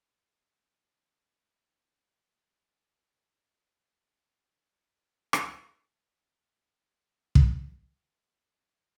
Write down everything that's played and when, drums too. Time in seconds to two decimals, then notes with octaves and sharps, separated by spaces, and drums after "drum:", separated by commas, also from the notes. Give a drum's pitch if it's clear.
0.16 F2 F3 A#3 D4
2.08 D#3 F#3 A#3 D#4 G#4
4.01 F#2 D#3 G#3 D#4 F#4
5.33 drum: rim click
7.35 drum: kick